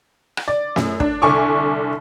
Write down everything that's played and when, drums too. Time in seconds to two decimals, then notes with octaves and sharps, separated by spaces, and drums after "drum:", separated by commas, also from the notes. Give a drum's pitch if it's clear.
0.37 drum: rim click
0.48 D5
0.76 F#2, drum: snare
1.00 D4, drum: kick
1.22 C2 D3 G#5 C#6 D6